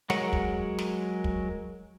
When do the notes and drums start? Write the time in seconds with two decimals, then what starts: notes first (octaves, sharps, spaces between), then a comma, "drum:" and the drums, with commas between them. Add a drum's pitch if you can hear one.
0.10 F#3 G#3 A#4 C#5 F#5, drum: snare
0.33 drum: kick
0.78 drum: snare
1.24 drum: kick